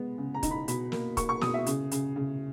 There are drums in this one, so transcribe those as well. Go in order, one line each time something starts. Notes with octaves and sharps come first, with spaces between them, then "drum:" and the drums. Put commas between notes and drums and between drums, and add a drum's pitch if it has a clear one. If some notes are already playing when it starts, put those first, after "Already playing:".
Already playing: G#3 B3
C#3
A#5
D#4, drum: kick, hi-hat
B5
B2 B5, drum: hi-hat
A#3, drum: snare
A#3 C#6, drum: kick, hi-hat
C#6
B2 D#6, drum: snare
E5
C#3, drum: hi-hat
C#3, drum: hi-hat
C#3